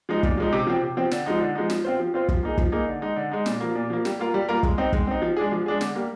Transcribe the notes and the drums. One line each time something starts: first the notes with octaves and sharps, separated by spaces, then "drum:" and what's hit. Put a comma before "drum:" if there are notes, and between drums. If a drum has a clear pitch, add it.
F3 G#3 D#4
A#2, drum: kick
F3 G#3 D#4
C3
F3 C4
C3
F3 C4
D3, drum: snare
F3 G#3 D#4
D3
F3 G#3 D#4
F3, drum: snare
C4 F4 C5
F3
C4 F4 C5
F3, drum: kick
A#3 D#4 G#4
F3, drum: kick
A#3 D#4 G#4
D3
G#3 D#4
D3
G#3 D#4
A#2, drum: snare
F3 A#3
A#2
F3 A#3
G3, drum: snare
A#3 F4 A#4
G3
A#3 F4 A#4
G#3, drum: kick
C4 D#4
G#3, drum: kick
C4 D#4
F3
G#3 D4 G#4
F3
G#3 D4 G#4
D3, drum: snare
G3 A#3